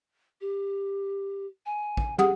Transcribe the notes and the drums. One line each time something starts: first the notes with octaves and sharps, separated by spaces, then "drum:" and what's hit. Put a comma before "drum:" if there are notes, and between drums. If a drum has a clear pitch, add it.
G4
G#5
drum: kick A1
G4 G#4 F#5 D#6, drum: tom